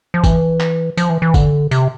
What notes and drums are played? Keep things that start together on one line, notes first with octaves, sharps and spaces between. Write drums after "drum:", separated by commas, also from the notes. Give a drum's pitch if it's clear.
F3
E3, drum: kick F#1, tambourine
drum: clap
F3, drum: tambourine
E3
E3
D3, drum: kick F#1, tambourine
C3, drum: tambourine